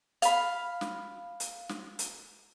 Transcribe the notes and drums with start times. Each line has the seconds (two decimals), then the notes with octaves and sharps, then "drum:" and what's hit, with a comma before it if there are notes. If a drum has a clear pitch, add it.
0.22 F5 B5, drum: hi-hat
0.81 drum: snare
1.40 drum: hi-hat
1.69 drum: snare
1.99 drum: hi-hat